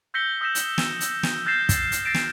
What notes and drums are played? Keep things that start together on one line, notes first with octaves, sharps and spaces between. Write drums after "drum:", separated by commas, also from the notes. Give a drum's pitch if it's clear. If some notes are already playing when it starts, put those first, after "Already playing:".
E6 G6 A#6 B6 C#7 G7
D#6 E6 G6 A#6 B6 E7
drum: hi-hat
drum: snare
drum: hi-hat
drum: snare
F6 G6 A6 A#6 C7 E7
drum: kick, hi-hat
drum: hi-hat
A6 A#6 C7 D7 E7
drum: snare